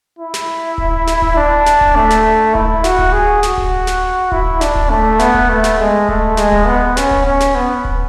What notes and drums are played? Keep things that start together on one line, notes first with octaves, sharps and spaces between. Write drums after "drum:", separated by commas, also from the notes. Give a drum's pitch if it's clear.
E4
drum: snare
drum: kick D1
drum: snare
drum: kick D1
D4
drum: snare
drum: kick D1
A3
drum: snare
E4, drum: kick D1
F#4, drum: snare
drum: kick D1
G#4
F#4, drum: snare
drum: kick D1
drum: snare
E4, drum: kick D1
D4, drum: snare
drum: kick D1
A3
B3, drum: snare
drum: kick D1
A3
drum: snare
G#3
A3, drum: kick D1
G#3, drum: snare
drum: kick D1
B3
C#4, drum: snare
drum: kick D1
C#4
drum: snare
B3
drum: kick D1